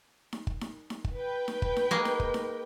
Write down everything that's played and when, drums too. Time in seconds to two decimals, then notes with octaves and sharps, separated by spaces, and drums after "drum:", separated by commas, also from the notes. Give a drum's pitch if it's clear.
0.33 drum: snare D#4
0.47 drum: kick
0.61 drum: snare D#4
0.90 drum: snare D#4
1.04 drum: kick
1.15 B4 G5
1.48 drum: snare D#4
1.62 drum: kick
1.76 drum: snare D#4
1.91 G#3 A#3
2.05 drum: snare D#4
2.20 drum: kick
2.34 drum: snare D#4